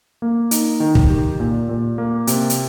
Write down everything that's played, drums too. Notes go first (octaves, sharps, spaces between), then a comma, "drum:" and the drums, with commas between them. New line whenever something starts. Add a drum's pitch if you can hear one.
A#3
D#4, drum: hi-hat
D#3
drum: kick
G4
A#2
A#2
A#3
C3, drum: hi-hat
drum: hi-hat